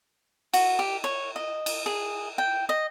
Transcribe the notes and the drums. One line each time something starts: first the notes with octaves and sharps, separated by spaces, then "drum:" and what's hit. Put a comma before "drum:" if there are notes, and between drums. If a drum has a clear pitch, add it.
F#4, drum: cymbal
G4
C#5
D#5
drum: cymbal
G#4
G5
D#5